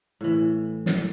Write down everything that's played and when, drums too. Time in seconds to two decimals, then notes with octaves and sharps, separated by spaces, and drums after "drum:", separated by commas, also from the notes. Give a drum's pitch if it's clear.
0.21 A2 E3
0.86 drum: snare